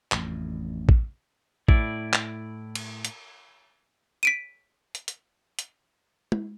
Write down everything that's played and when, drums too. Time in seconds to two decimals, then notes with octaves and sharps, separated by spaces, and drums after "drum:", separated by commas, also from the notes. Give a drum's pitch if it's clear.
0.12 A1 F2, drum: clap
0.89 drum: kick A1
1.68 A2 E4 D5, drum: kick A1
2.13 drum: clap
2.75 drum: cymbal
3.05 drum: hi-hat
4.23 B6 D7 D#7
4.95 drum: hi-hat
5.08 drum: hi-hat
5.59 drum: hi-hat
6.32 drum: tom